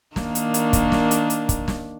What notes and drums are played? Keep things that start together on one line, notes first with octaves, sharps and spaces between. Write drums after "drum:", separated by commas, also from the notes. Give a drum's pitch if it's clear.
D#3 A#3 D4, drum: snare
drum: hi-hat
drum: hi-hat
drum: kick, hi-hat
drum: snare
drum: hi-hat
drum: hi-hat
drum: kick, hi-hat
drum: snare